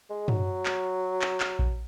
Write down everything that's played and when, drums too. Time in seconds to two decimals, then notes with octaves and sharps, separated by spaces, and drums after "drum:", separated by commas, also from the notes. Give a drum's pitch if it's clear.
0.10 G#3
0.28 F#3, drum: tom
0.66 drum: clap
1.22 drum: clap
1.40 drum: clap
1.59 drum: kick A#1